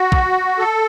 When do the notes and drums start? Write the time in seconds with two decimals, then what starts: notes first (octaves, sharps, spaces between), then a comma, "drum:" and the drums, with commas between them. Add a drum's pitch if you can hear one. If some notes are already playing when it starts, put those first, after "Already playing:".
Already playing: F#4
0.12 drum: kick
0.59 A4